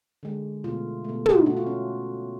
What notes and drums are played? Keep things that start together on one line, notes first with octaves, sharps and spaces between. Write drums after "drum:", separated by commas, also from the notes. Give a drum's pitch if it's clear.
D3 G#3
B2 A3 F4
B2 A3
drum: tom
B2 A3 F#4
F4
C#4